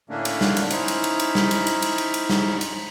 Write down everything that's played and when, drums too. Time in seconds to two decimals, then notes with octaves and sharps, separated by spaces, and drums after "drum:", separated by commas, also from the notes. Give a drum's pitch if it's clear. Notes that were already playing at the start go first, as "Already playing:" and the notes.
0.09 A2 D3 A3 A#3 C#4 D4
0.25 drum: cymbal
0.41 drum: snare
0.57 drum: cymbal
0.70 C#4 D#4 E4 C5, drum: cymbal
0.88 drum: cymbal
1.04 drum: cymbal
1.20 drum: cymbal
1.35 drum: snare
1.51 drum: cymbal
1.67 drum: cymbal
1.82 drum: cymbal
1.98 drum: cymbal
2.14 drum: cymbal
2.30 drum: snare
2.61 drum: cymbal